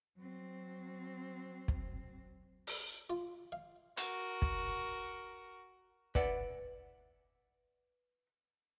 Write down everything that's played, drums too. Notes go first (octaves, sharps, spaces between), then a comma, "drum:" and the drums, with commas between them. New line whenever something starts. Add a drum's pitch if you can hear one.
F#3 C4
drum: kick
drum: open hi-hat
F4
F5
F#4 A#4, drum: hi-hat
drum: kick
B4 D5 E5 F#5, drum: kick